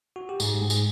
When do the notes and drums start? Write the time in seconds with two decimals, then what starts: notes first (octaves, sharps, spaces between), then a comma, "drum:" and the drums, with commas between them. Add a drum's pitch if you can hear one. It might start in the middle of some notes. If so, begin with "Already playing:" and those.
0.16 F#4
0.29 G4
0.40 G#2 G#4, drum: tambourine
0.62 G#2
0.70 G#4, drum: tambourine